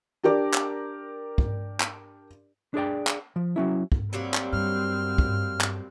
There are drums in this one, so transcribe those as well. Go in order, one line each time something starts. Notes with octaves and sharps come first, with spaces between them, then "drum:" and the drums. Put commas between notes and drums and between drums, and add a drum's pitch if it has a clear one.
D4 G4 A#4 D5 D6
drum: clap
drum: kick
drum: clap
D4 G#4 D5 G5
drum: clap
F3
F#3 C#4 E4
drum: kick
F#3 G3 A#3 C4
drum: clap
G2 F6
drum: kick
drum: clap